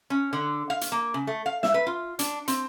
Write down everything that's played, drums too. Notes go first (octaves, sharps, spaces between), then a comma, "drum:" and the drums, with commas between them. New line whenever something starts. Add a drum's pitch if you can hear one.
C#4
D3
F5
drum: hi-hat
A#3
C#3
A3
F5
E5, drum: snare
B4
F4
D4, drum: hi-hat
C4, drum: hi-hat